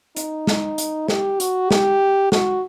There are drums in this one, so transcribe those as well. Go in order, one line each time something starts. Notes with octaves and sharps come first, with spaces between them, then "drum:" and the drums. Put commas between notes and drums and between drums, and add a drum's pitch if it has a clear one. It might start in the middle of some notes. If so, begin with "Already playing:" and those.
D#4, drum: hi-hat
drum: snare
drum: hi-hat
G4, drum: snare
F#4, drum: hi-hat
G4, drum: snare
F#4, drum: snare